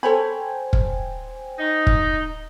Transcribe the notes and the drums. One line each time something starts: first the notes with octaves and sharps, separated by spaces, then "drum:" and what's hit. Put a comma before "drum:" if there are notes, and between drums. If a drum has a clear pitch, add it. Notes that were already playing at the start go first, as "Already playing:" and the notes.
A4 C5 C#5 G5 G#5 B5
drum: kick
D#4
drum: kick